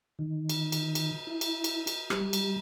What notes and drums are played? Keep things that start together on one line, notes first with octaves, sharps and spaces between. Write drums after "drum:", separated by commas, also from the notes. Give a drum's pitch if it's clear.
D#3
drum: cymbal
drum: cymbal
drum: cymbal
E4
drum: cymbal
drum: cymbal
drum: cymbal
G3, drum: rim click
drum: cymbal